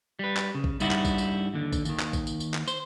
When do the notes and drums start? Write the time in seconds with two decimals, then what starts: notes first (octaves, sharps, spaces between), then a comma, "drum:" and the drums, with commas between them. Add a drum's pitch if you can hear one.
0.19 G3 B4
0.37 drum: clap
0.55 C#3
0.64 drum: kick A#1
0.80 G2 G3 D#4 E4 F#5, drum: tambourine
0.91 drum: clap
1.05 drum: kick A#1, tambourine
1.18 drum: tambourine
1.54 D#2 D3
1.73 drum: kick A#1, tambourine
1.85 D#2 D#3, drum: tambourine
2.00 drum: clap
2.13 drum: kick A#1, tambourine
2.27 drum: tambourine
2.40 drum: tambourine
2.54 drum: clap
2.68 C5, drum: tambourine